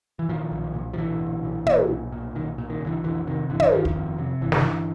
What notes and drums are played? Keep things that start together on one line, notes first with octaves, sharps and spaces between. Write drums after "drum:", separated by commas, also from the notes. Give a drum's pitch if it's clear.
E3
A#2 D#3 F3
B1
A#2
F3
B1 D3 E3
A#2
B1
A#2, drum: tom
B1
A#2
B1 D#3
A#2
D#3
B1
D3 E3
F2 D3 E3
C3 D#3
G1 D3 E3
drum: tom
G1 D#3 F3
drum: kick
F2
C3
G1 E3
D#3, drum: snare
G1 D3 E3